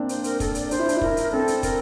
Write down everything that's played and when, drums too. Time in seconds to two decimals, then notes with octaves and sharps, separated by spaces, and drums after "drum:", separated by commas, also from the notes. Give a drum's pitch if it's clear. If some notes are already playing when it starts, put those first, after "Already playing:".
Already playing: A#3 C4 D4
0.09 C5, drum: hi-hat
0.24 A#4, drum: hi-hat
0.40 A4, drum: kick, hi-hat
0.55 D5, drum: hi-hat
0.71 D4 C5, drum: hi-hat
0.79 E4
0.89 D4, drum: hi-hat
0.97 E4
1.01 D4 A#4, drum: kick
1.17 drum: hi-hat
1.32 C4 A4
1.48 drum: hi-hat
1.63 A#4, drum: kick, hi-hat